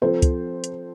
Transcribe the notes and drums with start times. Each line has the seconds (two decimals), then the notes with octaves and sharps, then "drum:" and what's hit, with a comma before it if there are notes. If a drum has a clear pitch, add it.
0.02 F3 C4 A4 C5
0.22 drum: kick, hi-hat
0.64 drum: hi-hat